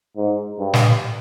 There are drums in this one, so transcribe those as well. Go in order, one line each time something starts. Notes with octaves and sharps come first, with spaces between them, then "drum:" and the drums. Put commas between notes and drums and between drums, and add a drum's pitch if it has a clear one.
G#2
G2
drum: snare